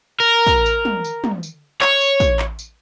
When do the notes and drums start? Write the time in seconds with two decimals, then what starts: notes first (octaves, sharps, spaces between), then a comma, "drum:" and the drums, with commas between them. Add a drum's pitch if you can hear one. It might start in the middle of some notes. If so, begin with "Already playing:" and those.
0.20 A#4
0.47 drum: kick, tambourine
0.66 drum: tambourine
0.85 drum: tom
1.04 drum: tambourine
1.24 drum: tom
1.43 drum: tambourine
1.82 C#5, drum: clap
2.01 drum: tambourine
2.20 drum: kick, tambourine
2.39 drum: clap
2.59 drum: tambourine